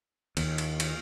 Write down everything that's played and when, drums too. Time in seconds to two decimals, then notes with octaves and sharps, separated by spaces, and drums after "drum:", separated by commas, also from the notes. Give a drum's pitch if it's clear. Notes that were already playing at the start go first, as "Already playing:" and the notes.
0.37 D#2, drum: cymbal
0.58 drum: cymbal
0.80 drum: cymbal